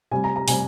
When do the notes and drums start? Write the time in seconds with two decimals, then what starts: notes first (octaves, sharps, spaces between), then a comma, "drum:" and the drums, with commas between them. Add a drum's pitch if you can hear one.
0.11 C3 G3 G#5
0.24 A#5
0.36 A#5
0.48 C3 G3 G#5, drum: open hi-hat